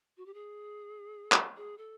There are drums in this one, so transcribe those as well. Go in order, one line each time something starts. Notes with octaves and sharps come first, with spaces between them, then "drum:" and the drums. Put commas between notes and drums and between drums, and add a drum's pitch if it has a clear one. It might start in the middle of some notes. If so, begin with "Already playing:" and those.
F#4
G4
G#4
drum: clap
G#4
A4